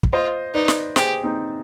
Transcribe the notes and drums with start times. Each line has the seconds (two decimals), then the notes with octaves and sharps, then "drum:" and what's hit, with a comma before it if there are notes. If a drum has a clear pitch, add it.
0.03 drum: kick
0.13 F4 C5 D#5
0.54 D#4 B4 D5
0.68 drum: snare
0.96 G4 G#4 C5, drum: snare
1.24 C4 D#4